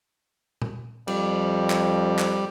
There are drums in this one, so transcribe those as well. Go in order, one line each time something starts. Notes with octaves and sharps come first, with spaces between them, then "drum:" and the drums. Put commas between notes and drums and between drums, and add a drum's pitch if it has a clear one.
drum: tom A#2
F2 G3, drum: cymbal
drum: clap
drum: clap